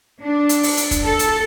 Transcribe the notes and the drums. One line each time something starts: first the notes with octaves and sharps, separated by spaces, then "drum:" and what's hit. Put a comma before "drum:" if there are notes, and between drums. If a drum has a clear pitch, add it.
D4
drum: hi-hat
drum: open hi-hat
drum: hi-hat
drum: kick, hi-hat
A4
drum: hi-hat